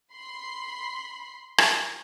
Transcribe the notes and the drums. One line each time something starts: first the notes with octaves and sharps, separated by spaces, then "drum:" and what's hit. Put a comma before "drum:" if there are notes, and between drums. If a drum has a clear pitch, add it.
B5 C6 C7
drum: rim click